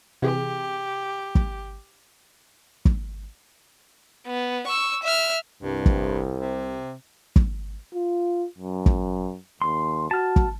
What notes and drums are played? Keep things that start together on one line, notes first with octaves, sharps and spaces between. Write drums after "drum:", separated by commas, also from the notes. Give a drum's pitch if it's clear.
C3 E3 G4 G#4
drum: kick
drum: kick
B3
C#6 E6
E5 F6
C2 G2
drum: kick
C3
drum: kick
F4
F#2
drum: kick
D#2 C6
F#4 A5 F6
drum: kick